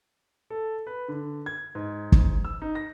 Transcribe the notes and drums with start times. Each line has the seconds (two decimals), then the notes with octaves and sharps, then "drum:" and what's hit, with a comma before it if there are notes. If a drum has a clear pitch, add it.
0.50 A4
0.87 B4
1.08 D3
1.46 G#6
1.75 G#2
2.12 drum: kick
2.45 E6
2.62 D#4
2.75 A#6